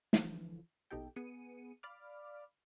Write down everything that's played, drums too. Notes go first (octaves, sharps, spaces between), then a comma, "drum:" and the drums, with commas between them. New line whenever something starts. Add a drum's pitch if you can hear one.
D3 E3 F3, drum: snare
A#1 B2 D#4 G4 A4 G5
B3 G#4 C#7 D#7
D5 F5 B5 D6 F6